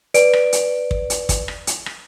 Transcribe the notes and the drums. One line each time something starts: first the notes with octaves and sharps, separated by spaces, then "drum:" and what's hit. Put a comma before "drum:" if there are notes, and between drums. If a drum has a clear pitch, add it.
B4 D5 D7, drum: hi-hat
drum: rim click
drum: hi-hat
drum: kick
drum: hi-hat
drum: kick, hi-hat
drum: rim click
drum: hi-hat
drum: rim click